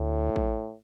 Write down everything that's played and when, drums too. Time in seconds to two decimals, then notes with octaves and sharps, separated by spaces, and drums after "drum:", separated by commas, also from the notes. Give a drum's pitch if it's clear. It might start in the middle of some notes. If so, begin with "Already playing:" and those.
Already playing: D2 A2
0.36 drum: kick